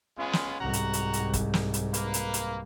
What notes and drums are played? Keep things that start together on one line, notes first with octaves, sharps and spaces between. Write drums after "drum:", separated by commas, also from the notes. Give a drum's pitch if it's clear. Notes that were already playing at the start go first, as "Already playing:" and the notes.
G#3 B3 C#4 F4
drum: snare
C2 G#2 F#4 F#5 A#5
drum: hi-hat
drum: hi-hat
drum: hi-hat
drum: kick, hi-hat
drum: snare
drum: hi-hat
A#3 B4, drum: hi-hat
drum: hi-hat
drum: hi-hat